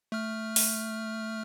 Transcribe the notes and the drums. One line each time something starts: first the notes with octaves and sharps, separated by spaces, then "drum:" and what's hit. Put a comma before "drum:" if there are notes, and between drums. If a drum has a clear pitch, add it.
A3 F6
drum: open hi-hat